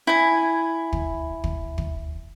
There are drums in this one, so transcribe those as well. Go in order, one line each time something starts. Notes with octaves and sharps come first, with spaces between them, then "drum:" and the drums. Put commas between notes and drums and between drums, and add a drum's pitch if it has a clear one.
E4 G#5
drum: kick
drum: kick
drum: kick